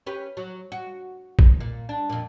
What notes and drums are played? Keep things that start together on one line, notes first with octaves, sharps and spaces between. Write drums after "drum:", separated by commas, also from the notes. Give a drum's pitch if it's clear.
C#4 G4 B4
F#3
F#4
drum: kick A1
A#2
D4
F2 A#2